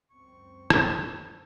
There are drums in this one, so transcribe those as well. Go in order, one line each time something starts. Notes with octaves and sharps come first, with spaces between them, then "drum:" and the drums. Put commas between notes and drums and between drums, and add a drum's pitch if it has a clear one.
C#2 F#2 C4 C#6
drum: rim click